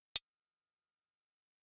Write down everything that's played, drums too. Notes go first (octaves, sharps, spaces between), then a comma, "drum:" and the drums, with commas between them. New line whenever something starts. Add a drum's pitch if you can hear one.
D2 E3 D#6 F6, drum: hi-hat